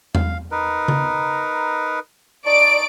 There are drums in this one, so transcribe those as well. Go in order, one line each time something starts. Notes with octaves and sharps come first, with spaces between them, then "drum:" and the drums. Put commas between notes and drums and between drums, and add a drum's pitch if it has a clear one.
F5, drum: tom E2
D#4 A#4 B4
drum: tom C#3
D#4 D5 A5 C#6 D7